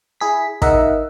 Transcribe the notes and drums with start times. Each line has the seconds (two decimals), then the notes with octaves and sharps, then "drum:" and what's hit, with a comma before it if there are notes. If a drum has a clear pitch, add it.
0.21 E4 G#4 B6
0.62 D#4 A#4 D#5 E5 F#5, drum: kick